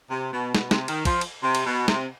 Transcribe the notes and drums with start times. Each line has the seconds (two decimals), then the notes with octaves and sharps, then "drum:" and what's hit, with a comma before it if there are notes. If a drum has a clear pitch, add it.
0.10 C3
0.32 B2
0.55 B2, drum: snare
0.71 C3, drum: snare
0.88 D#3, drum: cymbal
1.05 F3, drum: kick, cymbal
1.21 drum: cymbal
1.43 C3
1.55 drum: cymbal
1.66 B2
1.88 C3, drum: snare